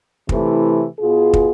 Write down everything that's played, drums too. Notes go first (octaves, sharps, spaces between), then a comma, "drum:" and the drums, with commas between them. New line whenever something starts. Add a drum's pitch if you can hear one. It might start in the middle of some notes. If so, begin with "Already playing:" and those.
C3 E3 A3 E4, drum: kick
B2 B3 F4 G#4
drum: kick